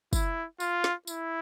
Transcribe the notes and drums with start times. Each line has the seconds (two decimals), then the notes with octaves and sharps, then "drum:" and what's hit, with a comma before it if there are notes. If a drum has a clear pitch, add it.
0.13 E4, drum: kick, tambourine
0.60 F4, drum: tambourine
0.84 drum: snare
1.07 E4, drum: tambourine